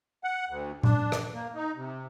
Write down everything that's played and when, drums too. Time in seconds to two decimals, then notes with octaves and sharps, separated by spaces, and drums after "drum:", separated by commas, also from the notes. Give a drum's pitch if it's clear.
0.24 F#5
0.49 D2
0.83 D4, drum: tom A#2
1.12 drum: rim click
1.34 A#3
1.55 D#4
1.76 C3